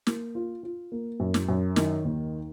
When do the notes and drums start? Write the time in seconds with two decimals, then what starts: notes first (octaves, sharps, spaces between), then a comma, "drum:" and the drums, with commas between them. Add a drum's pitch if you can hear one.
0.07 A#3, drum: snare
0.35 F4
0.63 F4
0.92 A#3
1.20 F#2
1.34 drum: snare
1.48 F#2
1.76 D#3, drum: snare
2.05 D#2